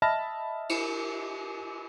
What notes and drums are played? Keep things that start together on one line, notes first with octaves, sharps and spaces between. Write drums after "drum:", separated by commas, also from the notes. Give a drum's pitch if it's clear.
D#5 E5 A5 B5 F6 A#6
drum: cymbal